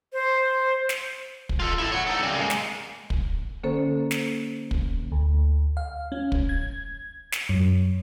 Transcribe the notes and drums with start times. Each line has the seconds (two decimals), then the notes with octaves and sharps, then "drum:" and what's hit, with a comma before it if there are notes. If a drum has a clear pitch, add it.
0.13 C5
0.89 drum: snare
1.49 drum: kick
1.60 F4 A4
1.78 E4 A4
1.92 C#5 F#5
2.07 D#4 A4
2.22 C#3 G3
2.35 G#3 A#3
2.50 drum: snare
3.10 drum: kick
3.63 D3 A#3 C#4 A4 C5
4.11 drum: snare
4.71 drum: kick
5.12 D2
5.77 F5
6.12 C#4
6.32 drum: kick
6.49 G#6
7.32 drum: snare
7.49 F#2